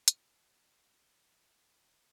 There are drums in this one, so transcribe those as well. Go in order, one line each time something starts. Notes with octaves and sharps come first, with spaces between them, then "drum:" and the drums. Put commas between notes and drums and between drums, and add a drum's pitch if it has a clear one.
C#5, drum: hi-hat
B4 D5
G4 B4